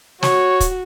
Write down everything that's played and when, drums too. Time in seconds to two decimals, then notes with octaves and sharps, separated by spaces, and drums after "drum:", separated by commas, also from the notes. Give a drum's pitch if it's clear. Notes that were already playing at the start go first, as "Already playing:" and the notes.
0.23 F#4 C#5, drum: snare
0.60 drum: kick, hi-hat